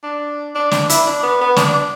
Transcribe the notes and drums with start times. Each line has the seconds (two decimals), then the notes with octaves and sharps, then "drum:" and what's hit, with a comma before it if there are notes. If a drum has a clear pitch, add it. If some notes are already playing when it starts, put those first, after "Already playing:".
0.03 D4
0.55 D4
0.71 D4, drum: snare
0.89 E4, drum: hi-hat
1.07 D4
1.23 B3
1.41 B3
1.56 D4, drum: snare